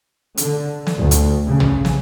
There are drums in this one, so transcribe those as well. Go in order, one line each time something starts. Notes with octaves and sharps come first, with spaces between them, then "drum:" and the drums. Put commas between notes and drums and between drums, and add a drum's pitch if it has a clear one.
D3, drum: hi-hat
drum: snare
D2
drum: hi-hat
C#3
drum: tom
drum: snare